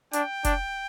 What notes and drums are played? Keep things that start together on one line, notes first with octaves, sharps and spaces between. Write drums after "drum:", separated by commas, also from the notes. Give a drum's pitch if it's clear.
D4 G5, drum: hi-hat
D4, drum: kick F1, hi-hat